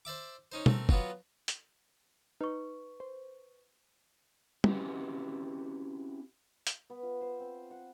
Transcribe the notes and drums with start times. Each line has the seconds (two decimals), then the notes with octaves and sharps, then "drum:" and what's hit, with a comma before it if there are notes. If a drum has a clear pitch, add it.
0.05 C5 D5 E5 D6
0.52 C#4 D#4 C5
0.66 A3 C4 A#4, drum: tom B2
0.89 F#3 B3 F4 F#4, drum: kick
1.48 drum: hi-hat
2.41 D#4 B4 C#6
3.00 C5
4.64 C4 C#4 E4 F#4 G4 B4, drum: tom
6.67 drum: hi-hat
6.90 B3
7.03 F4
7.21 C5
7.40 C4
7.71 F#5